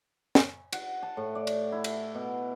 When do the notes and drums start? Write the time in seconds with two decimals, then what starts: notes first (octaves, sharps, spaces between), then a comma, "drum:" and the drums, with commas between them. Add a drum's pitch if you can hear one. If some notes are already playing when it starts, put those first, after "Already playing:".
0.35 drum: snare
0.73 F#5, drum: cymbal
1.03 A5
1.17 A2
1.35 D5
1.47 drum: cymbal
1.72 E4
1.84 drum: cymbal
2.15 B2